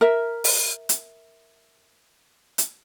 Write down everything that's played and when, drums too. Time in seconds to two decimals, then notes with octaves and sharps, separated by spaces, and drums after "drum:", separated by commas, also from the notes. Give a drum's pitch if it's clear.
0.01 A#4 E5
0.44 drum: open hi-hat
0.89 drum: hi-hat
2.58 drum: hi-hat